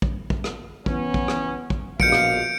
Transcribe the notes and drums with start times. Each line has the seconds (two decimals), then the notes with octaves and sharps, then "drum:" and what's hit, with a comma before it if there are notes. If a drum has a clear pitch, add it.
0.02 drum: kick
0.30 drum: kick
0.44 drum: rim click
0.86 E3 B3 C#4, drum: kick
1.14 drum: kick
1.28 drum: rim click
1.70 drum: kick
2.00 A#1 B2 F5 G6 C#7 D7, drum: kick
2.12 drum: rim click